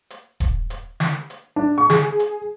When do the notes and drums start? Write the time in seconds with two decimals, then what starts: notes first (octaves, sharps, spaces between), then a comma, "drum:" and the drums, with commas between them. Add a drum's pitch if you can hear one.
0.10 drum: hi-hat
0.40 drum: kick D#1, hi-hat
0.70 drum: hi-hat
1.00 drum: snare
1.30 drum: hi-hat
1.56 D4
1.78 C#6
1.90 G#4, drum: snare
2.20 drum: hi-hat